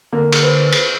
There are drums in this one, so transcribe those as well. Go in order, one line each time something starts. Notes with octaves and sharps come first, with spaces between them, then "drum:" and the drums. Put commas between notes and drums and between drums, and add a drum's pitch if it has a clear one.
D3 A#3
drum: cymbal
B4 C5
drum: cymbal